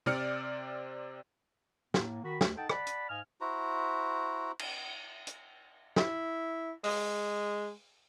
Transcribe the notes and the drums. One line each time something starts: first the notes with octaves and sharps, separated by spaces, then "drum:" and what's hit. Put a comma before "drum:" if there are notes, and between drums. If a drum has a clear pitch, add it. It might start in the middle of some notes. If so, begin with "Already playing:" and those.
C3 C4 D5 F6 C#7, drum: tom
A2 A#3, drum: snare
D#3 F#4 B5
D2, drum: snare
D#4 A4 D#5 F#5 G5 A5
D5 F#5 A5 B5, drum: rim click
drum: hi-hat
G#2 D#5 F5 G#5 F6
E4 F#4 C5 A#5
drum: cymbal
drum: hi-hat
E4, drum: snare
G#3, drum: open hi-hat